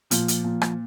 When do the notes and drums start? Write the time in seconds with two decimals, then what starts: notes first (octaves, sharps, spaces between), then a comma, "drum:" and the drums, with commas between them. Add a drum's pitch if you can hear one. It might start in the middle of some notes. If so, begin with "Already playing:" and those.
0.11 A#2 F3, drum: hi-hat
0.28 drum: hi-hat
0.44 A#2
0.61 drum: rim click